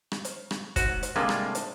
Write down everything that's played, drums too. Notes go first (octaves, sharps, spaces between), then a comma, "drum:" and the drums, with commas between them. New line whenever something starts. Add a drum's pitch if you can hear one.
drum: rim click
drum: hi-hat
drum: rim click
G#2 F#4, drum: kick, hi-hat
drum: hi-hat
A2 C3 G3 G#3 A#3 D4
drum: rim click
drum: hi-hat